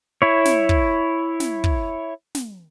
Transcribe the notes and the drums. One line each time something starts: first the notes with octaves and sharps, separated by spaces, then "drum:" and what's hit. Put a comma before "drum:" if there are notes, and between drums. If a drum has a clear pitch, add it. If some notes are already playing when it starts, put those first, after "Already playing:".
E4 C#5
drum: snare
drum: kick
drum: snare
drum: kick
drum: snare